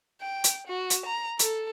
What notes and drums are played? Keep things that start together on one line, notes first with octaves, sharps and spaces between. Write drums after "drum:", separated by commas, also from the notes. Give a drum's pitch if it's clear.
G5
drum: hi-hat
F#4
drum: hi-hat
A#5
A4, drum: hi-hat